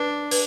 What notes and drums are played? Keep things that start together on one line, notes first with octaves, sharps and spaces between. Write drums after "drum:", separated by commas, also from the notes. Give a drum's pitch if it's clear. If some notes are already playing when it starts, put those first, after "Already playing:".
Already playing: D4 B4
B4, drum: open hi-hat